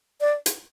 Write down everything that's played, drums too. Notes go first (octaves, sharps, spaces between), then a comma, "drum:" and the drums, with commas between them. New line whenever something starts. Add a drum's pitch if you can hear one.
D5
drum: hi-hat